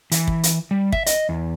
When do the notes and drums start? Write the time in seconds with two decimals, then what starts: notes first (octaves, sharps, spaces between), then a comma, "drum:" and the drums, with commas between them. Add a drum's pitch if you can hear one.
0.12 E3, drum: hi-hat
0.27 drum: kick
0.43 drum: hi-hat
0.71 G3
0.92 E5, drum: kick
1.06 D#5, drum: hi-hat
1.29 E2